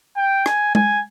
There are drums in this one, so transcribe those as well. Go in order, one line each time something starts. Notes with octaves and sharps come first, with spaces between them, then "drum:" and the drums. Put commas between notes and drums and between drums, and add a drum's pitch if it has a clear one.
G5
G#5, drum: rim click
G#5, drum: tom G#3